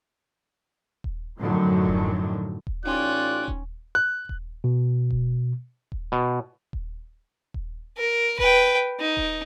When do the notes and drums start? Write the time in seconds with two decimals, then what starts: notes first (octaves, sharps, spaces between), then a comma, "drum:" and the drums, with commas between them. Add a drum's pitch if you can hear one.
1.04 drum: kick D#1
1.37 F#2 A2 D3 D#3 F3 F#3
1.85 drum: kick D#1
2.67 drum: kick D#1
2.86 A1 C#4 D#4 F4 D5 G5 C6 F#6
3.48 drum: kick D#1
3.95 F#6
4.29 drum: kick D#1
4.64 B2
5.10 drum: kick D#1
5.92 drum: kick D#1
6.12 B2
6.73 drum: kick D#1
7.54 drum: kick D#1
7.97 A#4
8.39 B4 G5, drum: kick D#1
9.00 D#4
9.17 drum: kick D#1